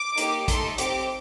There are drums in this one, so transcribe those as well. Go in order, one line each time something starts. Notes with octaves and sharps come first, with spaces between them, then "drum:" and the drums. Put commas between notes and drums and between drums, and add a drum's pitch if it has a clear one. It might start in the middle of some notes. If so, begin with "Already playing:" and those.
Already playing: D6
A#3 D#4 G4, drum: hi-hat
A3 D#4 A4 C6, drum: kick, hi-hat
C4 G4 D6, drum: hi-hat